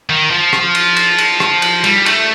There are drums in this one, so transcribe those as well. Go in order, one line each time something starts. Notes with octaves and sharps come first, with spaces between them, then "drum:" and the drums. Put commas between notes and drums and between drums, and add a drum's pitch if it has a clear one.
D#3
F3
drum: rim click
drum: cymbal
drum: cymbal
drum: cymbal
drum: rim click
drum: cymbal
G3, drum: cymbal
A3, drum: cymbal